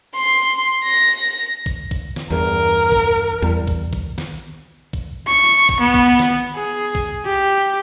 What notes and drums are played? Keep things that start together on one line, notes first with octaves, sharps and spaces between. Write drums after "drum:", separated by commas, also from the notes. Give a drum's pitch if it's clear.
C6
A#6
drum: kick
drum: kick
drum: snare
E2 G2 A#4
drum: kick
E2 G3
drum: kick
drum: kick
drum: snare
drum: kick
C#6
drum: kick
B3
drum: kick
drum: snare
G#4
drum: kick
G4